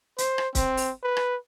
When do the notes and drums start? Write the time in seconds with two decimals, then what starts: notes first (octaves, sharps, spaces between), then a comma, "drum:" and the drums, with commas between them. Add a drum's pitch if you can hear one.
0.18 C5, drum: hi-hat
0.38 drum: rim click
0.55 C4, drum: kick, hi-hat
0.77 drum: open hi-hat
1.03 B4
1.17 drum: rim click